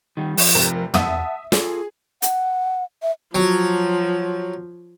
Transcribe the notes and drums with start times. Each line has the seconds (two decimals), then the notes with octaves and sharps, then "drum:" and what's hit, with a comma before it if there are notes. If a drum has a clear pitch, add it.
0.17 D#3 G3
0.37 F3, drum: open hi-hat
0.54 F1 C3 A#4
0.94 E5 F#5 A5 D#6 E6, drum: tom
1.52 F4 G#4 A4, drum: snare
2.22 F#5, drum: hi-hat
3.02 E5
3.35 F3 F#3